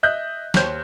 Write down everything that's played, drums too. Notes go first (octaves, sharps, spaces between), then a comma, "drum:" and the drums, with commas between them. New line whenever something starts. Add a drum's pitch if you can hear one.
D#5 E5 F#6 G6
D#2 C5 C#5 G6, drum: snare